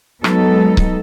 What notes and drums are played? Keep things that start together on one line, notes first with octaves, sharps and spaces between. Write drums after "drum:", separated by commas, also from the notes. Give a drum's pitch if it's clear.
F#3 G#3 B3 D#4 A4, drum: rim click
drum: kick C#1